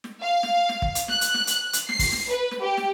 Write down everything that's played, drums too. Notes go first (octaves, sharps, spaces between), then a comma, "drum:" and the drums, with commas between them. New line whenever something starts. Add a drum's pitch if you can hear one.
drum: snare
F5
drum: snare
drum: snare
drum: kick
drum: hi-hat
F#6, drum: snare
drum: hi-hat
drum: snare
drum: hi-hat
drum: hi-hat
C7, drum: snare
drum: kick, open hi-hat
drum: snare
B4
drum: snare
G4
drum: snare